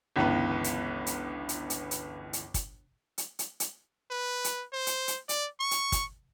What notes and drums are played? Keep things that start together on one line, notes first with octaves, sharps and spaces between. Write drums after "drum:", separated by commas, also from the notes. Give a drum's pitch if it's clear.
G1 C#2 E3 B3 B4
drum: hi-hat
drum: hi-hat
drum: hi-hat
drum: hi-hat
drum: hi-hat
drum: hi-hat
drum: kick, hi-hat
drum: hi-hat
drum: hi-hat
drum: hi-hat
B4
drum: hi-hat
C5
drum: hi-hat
drum: hi-hat
D5, drum: hi-hat
C#6
drum: hi-hat
drum: kick, hi-hat